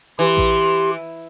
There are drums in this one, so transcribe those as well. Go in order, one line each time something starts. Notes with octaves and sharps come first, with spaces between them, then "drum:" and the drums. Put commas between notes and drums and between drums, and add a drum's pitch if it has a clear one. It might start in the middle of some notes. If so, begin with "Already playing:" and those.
E3 G4 C6
drum: kick A1